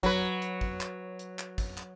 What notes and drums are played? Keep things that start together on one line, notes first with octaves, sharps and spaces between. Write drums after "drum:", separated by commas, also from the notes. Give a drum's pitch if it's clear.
F#3 B4, drum: kick, hi-hat
drum: hi-hat
drum: kick
drum: clap
drum: hi-hat
drum: clap
drum: kick, hi-hat
drum: clap